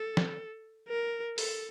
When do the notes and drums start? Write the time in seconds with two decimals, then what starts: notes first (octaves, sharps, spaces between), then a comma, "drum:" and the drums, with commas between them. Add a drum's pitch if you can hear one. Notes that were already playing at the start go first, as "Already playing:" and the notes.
Already playing: A4
0.17 drum: snare
0.89 A#4
1.38 A4, drum: open hi-hat